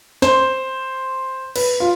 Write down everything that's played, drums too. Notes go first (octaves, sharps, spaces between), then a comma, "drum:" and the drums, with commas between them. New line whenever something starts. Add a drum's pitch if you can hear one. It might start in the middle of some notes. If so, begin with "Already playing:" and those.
C5, drum: snare
B4, drum: cymbal
F4